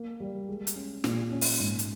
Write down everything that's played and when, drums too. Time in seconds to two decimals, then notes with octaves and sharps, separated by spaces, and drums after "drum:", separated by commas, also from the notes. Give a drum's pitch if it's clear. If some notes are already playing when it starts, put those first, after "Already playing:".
Already playing: A#3
0.20 G3
0.49 G#3
0.67 drum: hi-hat
0.76 C#4
1.04 A#2, drum: snare
1.32 C#4
1.41 drum: open hi-hat
1.60 G#2
1.79 drum: hi-hat